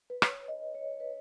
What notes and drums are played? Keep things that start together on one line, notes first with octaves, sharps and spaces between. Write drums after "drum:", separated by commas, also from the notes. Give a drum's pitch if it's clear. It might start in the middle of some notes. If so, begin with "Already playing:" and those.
B4
C#5, drum: rim click
D#5
C#5
B4